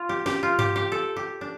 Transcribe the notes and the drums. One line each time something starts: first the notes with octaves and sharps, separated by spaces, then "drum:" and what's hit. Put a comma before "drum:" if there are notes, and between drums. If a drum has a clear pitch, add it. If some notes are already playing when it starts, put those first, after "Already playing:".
Already playing: F4
G4
G4, drum: snare
F4
G4, drum: tom G2
G4
A4
G4
D4